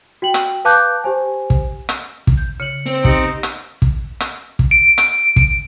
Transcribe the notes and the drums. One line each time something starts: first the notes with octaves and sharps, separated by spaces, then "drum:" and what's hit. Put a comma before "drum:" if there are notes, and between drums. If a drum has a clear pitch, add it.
F#4 G5 F#7
drum: rim click
B4 F5 A5 D6 F#6 G6
G4 C5 G#5
drum: kick
drum: rim click
drum: kick
G6
C#3 C#7 F#7
C4
D#4 G4 C#7 F#7, drum: kick
drum: rim click
drum: kick
drum: rim click
drum: kick
D7
drum: rim click
drum: kick